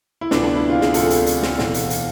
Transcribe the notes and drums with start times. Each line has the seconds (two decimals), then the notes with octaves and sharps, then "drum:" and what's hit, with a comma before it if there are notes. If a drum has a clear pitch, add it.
0.21 E4
0.31 D2 C3 F3 B3 D4, drum: snare
0.44 D4
0.56 E4
0.70 F4
0.81 G#4, drum: snare
0.94 D2 C3 F3 F4 A4, drum: hi-hat
1.10 drum: hi-hat
1.26 drum: hi-hat
1.42 drum: snare
1.59 E1 E2 B2, drum: snare
1.74 drum: hi-hat
1.90 drum: hi-hat